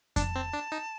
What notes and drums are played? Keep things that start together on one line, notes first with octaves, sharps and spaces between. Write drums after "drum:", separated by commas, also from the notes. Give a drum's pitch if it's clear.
D4 A5, drum: kick F2, hi-hat
C4
D4
D#4